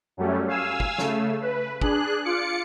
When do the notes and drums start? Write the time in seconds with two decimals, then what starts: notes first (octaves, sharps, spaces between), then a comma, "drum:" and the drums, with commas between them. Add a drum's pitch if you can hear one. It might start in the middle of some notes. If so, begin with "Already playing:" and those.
0.17 F#2 F#3 G3 A3 C#4
0.48 F5 G#5 E6
0.80 drum: kick
0.98 C#3 A3, drum: snare
1.42 B4
1.81 D4 G#4 F#6, drum: kick
2.24 F4 D6 C#7